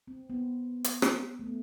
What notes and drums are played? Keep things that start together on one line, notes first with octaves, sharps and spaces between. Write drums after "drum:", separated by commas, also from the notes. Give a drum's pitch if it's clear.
C4
B3
drum: hi-hat
drum: rim click
A3
B3